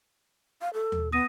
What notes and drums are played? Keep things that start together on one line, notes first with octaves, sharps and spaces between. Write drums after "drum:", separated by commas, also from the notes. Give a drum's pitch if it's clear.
F5
A4
drum: tom D#2
B3 D#6 A#6 D#7